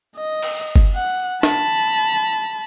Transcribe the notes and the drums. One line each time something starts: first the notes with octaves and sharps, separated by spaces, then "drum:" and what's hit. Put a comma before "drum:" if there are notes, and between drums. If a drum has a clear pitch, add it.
D#5
drum: cymbal
drum: kick F#1
F#5
A5 B5, drum: snare